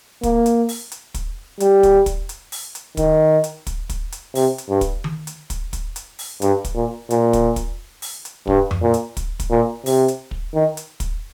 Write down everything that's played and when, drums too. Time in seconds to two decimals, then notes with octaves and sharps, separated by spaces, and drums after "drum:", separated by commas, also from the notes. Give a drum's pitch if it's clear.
0.23 A#3, drum: kick, hi-hat
0.46 drum: hi-hat
0.69 drum: open hi-hat
0.92 drum: hi-hat
1.14 drum: kick, hi-hat
1.60 G3, drum: hi-hat
1.83 drum: kick, hi-hat
2.06 drum: kick, hi-hat
2.29 drum: hi-hat
2.52 drum: open hi-hat
2.75 drum: hi-hat
2.97 D#3, drum: kick, hi-hat
3.44 drum: hi-hat
3.67 drum: kick, hi-hat
3.89 drum: kick, hi-hat
4.12 drum: hi-hat
4.35 C3, drum: open hi-hat
4.58 drum: hi-hat
4.69 G2
4.81 drum: kick, hi-hat
5.04 drum: tom D#3
5.27 drum: hi-hat
5.50 drum: kick, hi-hat
5.73 drum: kick, hi-hat
5.96 drum: hi-hat
6.19 drum: open hi-hat
6.42 G2, drum: hi-hat
6.65 drum: kick, hi-hat
6.75 A#2
7.10 A#2, drum: hi-hat
7.33 drum: kick, hi-hat
7.56 drum: kick, hi-hat
8.02 drum: open hi-hat
8.25 drum: hi-hat
8.47 G2, drum: kick
8.71 drum: tom F2
8.83 A#2
8.94 drum: hi-hat
9.17 drum: kick, hi-hat
9.40 drum: kick, hi-hat
9.51 A#2
9.86 C3, drum: open hi-hat
10.08 drum: hi-hat
10.31 drum: kick
10.55 D#3
10.77 drum: hi-hat
11.00 drum: kick, hi-hat